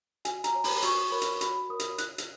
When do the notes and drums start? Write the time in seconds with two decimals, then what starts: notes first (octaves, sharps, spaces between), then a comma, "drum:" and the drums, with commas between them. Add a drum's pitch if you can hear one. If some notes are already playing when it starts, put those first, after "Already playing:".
0.25 F#4 G#5, drum: hi-hat
0.44 A#5, drum: hi-hat
0.54 C#5
0.64 B5, drum: open hi-hat
0.82 F#4 C#6, drum: hi-hat
1.12 A#4 C#5 B5
1.22 drum: hi-hat
1.41 F#4 B5, drum: hi-hat
1.70 A#4 C#5 D#6
1.80 drum: hi-hat
1.98 E4 F#6, drum: hi-hat
2.18 drum: hi-hat